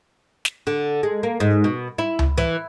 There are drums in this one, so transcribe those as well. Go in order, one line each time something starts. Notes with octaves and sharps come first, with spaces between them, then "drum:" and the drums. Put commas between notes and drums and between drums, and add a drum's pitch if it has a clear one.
drum: snare
D3
G#3
A#3
G#2
B2
E4
drum: tom C#2
E3